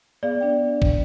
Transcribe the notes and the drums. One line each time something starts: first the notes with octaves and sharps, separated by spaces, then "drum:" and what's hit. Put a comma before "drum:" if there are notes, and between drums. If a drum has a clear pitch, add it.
B3 G#4 D5 F5
D4 G5
drum: kick